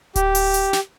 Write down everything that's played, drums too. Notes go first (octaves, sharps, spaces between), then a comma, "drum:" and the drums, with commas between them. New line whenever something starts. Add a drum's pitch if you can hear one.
G4, drum: kick D1, hi-hat
drum: open hi-hat
drum: hi-hat
drum: snare